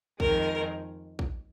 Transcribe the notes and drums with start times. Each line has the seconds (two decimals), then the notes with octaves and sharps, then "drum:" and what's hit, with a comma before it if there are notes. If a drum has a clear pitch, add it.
0.20 F2 D#3 G#3 A#4, drum: kick
1.19 drum: kick